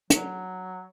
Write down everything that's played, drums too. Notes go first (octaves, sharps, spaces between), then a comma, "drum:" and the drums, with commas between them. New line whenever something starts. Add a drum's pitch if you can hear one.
F#3, drum: hi-hat